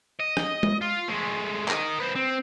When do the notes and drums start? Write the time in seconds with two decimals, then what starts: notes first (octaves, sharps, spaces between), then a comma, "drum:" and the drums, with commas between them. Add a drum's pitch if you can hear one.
0.20 D#5
0.37 drum: rim click
0.63 drum: tom
0.81 F4
1.08 G#3 A3
1.68 A#4 D#5, drum: clap
2.00 C4 B4
2.15 C4